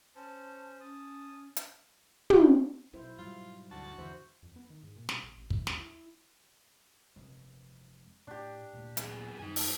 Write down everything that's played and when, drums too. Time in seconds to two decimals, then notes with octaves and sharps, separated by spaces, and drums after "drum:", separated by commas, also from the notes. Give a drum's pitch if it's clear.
0.16 C#4 C5 A5
0.80 C#4 A5 D#6
1.56 drum: hi-hat
2.30 drum: tom
2.93 B1 B2 E4 C5
3.18 G#2 F#3 G3 F4
3.71 D2 F#4 A5
3.98 E2 G#2 D3 E3 C5
4.43 F2
4.56 B3
4.70 D#3
4.83 G#2
4.96 A#2
5.09 B2, drum: snare
5.23 A#1
5.37 A1
5.50 E3, drum: kick
5.67 D#2, drum: snare
5.80 E4
7.16 F1 G#3
8.27 A2 D4 G4
8.73 D2 A#2 A3
8.97 F#2 B3 G#4, drum: hi-hat
9.39 F#2 D#3 G3 D#4 G#5
9.56 drum: open hi-hat